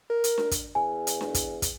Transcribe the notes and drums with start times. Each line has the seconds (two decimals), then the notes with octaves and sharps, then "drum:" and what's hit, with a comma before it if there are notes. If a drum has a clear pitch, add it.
0.10 A#4
0.24 drum: hi-hat
0.38 drum: snare D4
0.51 drum: kick, hi-hat
0.75 E2 G#5
1.07 drum: hi-hat
1.21 drum: snare D4
1.34 drum: kick, hi-hat
1.62 drum: kick, hi-hat